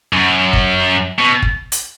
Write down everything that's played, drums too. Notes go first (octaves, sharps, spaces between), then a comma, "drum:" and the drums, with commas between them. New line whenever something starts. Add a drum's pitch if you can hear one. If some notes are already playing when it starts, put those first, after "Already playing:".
F#2
drum: kick
B2
drum: kick
drum: hi-hat